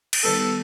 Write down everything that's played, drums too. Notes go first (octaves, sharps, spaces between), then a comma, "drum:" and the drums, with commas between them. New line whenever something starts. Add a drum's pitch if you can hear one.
drum: cymbal
D#3 G3 B3 A4